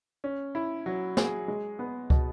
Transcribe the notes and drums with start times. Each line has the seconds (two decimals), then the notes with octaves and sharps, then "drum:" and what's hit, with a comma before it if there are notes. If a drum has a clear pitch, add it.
0.24 C#4
0.55 E4
0.86 F#3
1.17 G#4, drum: snare
1.48 G#3
1.79 B3
2.10 B2, drum: kick